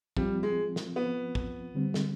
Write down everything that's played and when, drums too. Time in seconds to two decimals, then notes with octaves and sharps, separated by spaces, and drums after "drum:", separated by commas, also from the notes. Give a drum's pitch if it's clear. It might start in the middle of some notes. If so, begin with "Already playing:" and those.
0.17 F3 G3 C4 F4, drum: kick
0.43 G#3
0.76 drum: snare
0.96 B3
1.35 drum: kick
1.74 D3 G3 C4
1.94 drum: snare